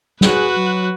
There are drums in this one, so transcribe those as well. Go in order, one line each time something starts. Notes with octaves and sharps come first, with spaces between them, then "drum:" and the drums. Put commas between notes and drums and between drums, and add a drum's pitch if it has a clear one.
F#4 G#4 B4, drum: snare
F#3